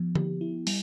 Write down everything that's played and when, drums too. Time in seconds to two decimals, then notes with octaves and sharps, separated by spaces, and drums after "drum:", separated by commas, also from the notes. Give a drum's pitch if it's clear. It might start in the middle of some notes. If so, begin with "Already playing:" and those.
Already playing: F3 B3
0.15 G4, drum: tom D3
0.41 E4
0.67 G3, drum: open hi-hat